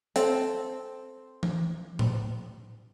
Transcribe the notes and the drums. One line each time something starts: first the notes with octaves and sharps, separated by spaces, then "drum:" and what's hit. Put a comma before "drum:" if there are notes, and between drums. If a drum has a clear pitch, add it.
C4 A4, drum: hi-hat
drum: tom E3
drum: tom A2